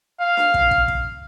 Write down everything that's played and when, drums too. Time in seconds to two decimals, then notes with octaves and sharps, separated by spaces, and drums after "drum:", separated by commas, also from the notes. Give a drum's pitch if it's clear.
0.20 F5
0.37 drum: snare D4
0.54 drum: kick
0.71 drum: kick
0.88 drum: kick